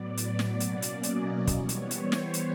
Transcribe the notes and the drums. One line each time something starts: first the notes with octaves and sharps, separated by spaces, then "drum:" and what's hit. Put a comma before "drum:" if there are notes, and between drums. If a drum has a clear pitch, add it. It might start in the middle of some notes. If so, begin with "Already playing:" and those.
Already playing: A2 F#3 B3 D5
drum: hi-hat
drum: snare
B2 F#3 A#3 C#4, drum: hi-hat
drum: hi-hat
D#5, drum: hi-hat
E3 G3 B3 C#5, drum: kick, hi-hat
drum: hi-hat
C5, drum: hi-hat
drum: snare
drum: hi-hat